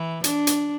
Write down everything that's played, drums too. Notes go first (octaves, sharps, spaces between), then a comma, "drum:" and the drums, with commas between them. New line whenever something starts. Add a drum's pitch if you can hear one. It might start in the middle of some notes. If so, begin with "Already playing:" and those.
Already playing: E3
D4, drum: hi-hat
drum: hi-hat